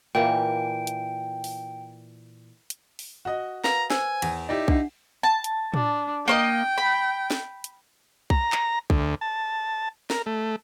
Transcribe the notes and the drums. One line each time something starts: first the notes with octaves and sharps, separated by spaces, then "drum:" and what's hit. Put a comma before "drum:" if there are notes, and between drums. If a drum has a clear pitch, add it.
A#2 E3 A#3 G5
drum: hi-hat
drum: open hi-hat
drum: hi-hat
drum: open hi-hat
F#4 D#5
A#4 B4 F5 A#5, drum: snare
C5 G#5 E6, drum: snare
E2, drum: cymbal
D#4 E4 G4 D5
D4 F#5, drum: kick B1
A5
drum: hi-hat
D4, drum: tom
A#3 C#5 D#5 G5
B5
drum: snare
drum: hi-hat
A#5, drum: kick B1
drum: clap
D2, drum: kick B1
A5
A#4, drum: snare
A3